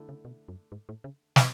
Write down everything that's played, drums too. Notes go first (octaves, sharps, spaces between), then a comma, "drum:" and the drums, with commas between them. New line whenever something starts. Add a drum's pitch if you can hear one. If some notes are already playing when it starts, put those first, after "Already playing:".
Already playing: D3 A3 E4
C#3
B2
F#2
G#2
A2
C#3
E3, drum: snare